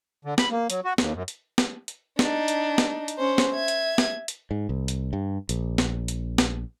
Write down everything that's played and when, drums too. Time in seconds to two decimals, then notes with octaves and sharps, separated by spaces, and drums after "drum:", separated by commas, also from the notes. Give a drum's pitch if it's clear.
0.25 D3
0.38 B5, drum: snare
0.51 A#3
0.70 F#3, drum: hi-hat
0.85 F#4
0.98 D#2, drum: snare
1.14 F#2
1.28 drum: hi-hat
1.58 drum: snare
1.88 drum: hi-hat
2.19 D4 D#4, drum: snare
2.48 drum: hi-hat
2.78 drum: snare
3.08 drum: hi-hat
3.18 C#4 C5
3.38 drum: snare
3.54 E5 G#6
3.68 drum: hi-hat
3.98 drum: snare
4.28 drum: hi-hat
4.51 G#2
4.69 C2
4.88 drum: hi-hat
5.13 G2
5.49 A#1, drum: hi-hat
5.78 drum: snare
6.08 drum: hi-hat
6.38 drum: snare